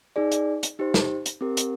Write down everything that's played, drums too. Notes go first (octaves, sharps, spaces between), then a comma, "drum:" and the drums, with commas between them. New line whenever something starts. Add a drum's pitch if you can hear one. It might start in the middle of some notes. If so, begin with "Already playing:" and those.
D#4 G#4 D5
drum: hi-hat
drum: hi-hat
D#4 G4 C5
drum: snare
drum: hi-hat
C4 G4 A#4
drum: hi-hat